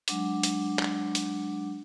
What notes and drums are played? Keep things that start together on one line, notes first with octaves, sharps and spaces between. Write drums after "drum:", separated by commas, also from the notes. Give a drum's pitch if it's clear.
F#3 G#3 D4 F#5 D6, drum: hi-hat
drum: hi-hat
drum: clap
drum: hi-hat